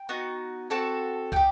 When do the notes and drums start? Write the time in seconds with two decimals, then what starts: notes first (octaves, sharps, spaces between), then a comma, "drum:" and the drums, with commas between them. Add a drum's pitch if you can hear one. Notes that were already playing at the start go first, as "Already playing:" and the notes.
Already playing: G5
0.09 B3 D#4 F#4
0.70 C4 F#4 A4 A5
1.32 D#4 G4 G5, drum: kick